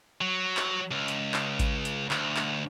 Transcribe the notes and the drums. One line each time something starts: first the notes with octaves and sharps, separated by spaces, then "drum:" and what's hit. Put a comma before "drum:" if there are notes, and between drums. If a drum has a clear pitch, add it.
F#3
drum: clap
C#2
drum: hi-hat
drum: clap
drum: kick A1, hi-hat
drum: hi-hat
D2, drum: clap
drum: clap